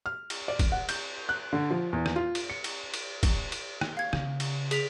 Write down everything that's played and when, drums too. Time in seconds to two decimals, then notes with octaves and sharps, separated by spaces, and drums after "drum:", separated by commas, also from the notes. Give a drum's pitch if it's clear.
0.06 F6
0.30 drum: cymbal
0.48 D5
0.59 drum: kick, cymbal
0.72 F#5
0.89 G6, drum: cymbal
1.29 F#6
1.53 D3
1.70 F3
1.93 E2
2.06 drum: rim click
2.16 F4
2.35 drum: cymbal
2.50 C#7
2.64 drum: cymbal
2.94 drum: cymbal
3.23 drum: kick, cymbal
3.52 drum: cymbal
3.81 drum: rim click
3.97 F5 G#6
4.13 C#3, drum: rim click
4.40 drum: cymbal
4.71 G#4 B6 F7, drum: cymbal